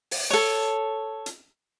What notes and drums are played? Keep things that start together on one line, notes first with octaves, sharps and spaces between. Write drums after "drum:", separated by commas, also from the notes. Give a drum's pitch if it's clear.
drum: open hi-hat
A4 C#5
drum: hi-hat